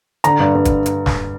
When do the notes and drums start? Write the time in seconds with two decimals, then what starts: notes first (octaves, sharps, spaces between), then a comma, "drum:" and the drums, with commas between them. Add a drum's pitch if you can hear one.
0.24 D3 A#5, drum: hi-hat
0.40 G2
0.55 G2
0.65 drum: kick, hi-hat
0.86 drum: hi-hat
1.06 drum: snare